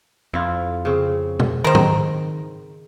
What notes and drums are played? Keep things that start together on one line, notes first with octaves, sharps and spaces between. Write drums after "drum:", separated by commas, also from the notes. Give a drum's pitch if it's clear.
F2 E4 F4
C#3 C4
drum: tom B2
D#3 A#4 C5
drum: tom